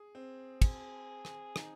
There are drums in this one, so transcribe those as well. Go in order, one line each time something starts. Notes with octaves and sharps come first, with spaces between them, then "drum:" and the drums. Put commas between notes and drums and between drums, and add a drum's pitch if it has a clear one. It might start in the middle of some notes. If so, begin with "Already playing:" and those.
Already playing: G#4
C4
G#4, drum: kick, cymbal
drum: rim click
D#4, drum: rim click